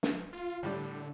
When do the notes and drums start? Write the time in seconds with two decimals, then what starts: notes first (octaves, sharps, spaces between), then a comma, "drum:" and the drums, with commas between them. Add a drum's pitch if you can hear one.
0.03 drum: snare
0.33 F4
0.63 A2 D3 G3 D4